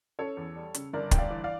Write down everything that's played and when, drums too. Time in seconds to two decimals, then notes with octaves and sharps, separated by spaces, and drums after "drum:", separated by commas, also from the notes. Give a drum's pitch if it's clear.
0.19 C#4 A4 C#5
0.37 E2
0.56 G3
0.74 C#3, drum: hi-hat
0.93 G1 A#4 D5
1.11 G1 G5, drum: kick, hi-hat
1.18 D5 F5
1.31 E3
1.44 D5 F5